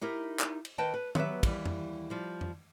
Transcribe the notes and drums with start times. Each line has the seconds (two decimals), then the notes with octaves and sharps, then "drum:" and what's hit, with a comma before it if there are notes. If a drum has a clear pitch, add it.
0.01 D#4 E4 G4 A#4
0.40 drum: clap
0.65 drum: cymbal
0.78 D#3 B4 D#5 G5 A5
0.94 B4
1.15 F#3 B3 G4 B4 E5, drum: tom
1.43 D#2 E3 G3, drum: kick, cymbal
1.66 drum: tom F2
2.10 F3 G3
2.41 drum: tom F2